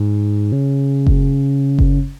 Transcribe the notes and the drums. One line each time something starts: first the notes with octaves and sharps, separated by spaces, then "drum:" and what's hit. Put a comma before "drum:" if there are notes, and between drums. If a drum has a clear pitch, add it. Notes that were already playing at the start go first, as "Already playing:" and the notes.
Already playing: G#2
C#3
drum: kick F#1
drum: kick F#1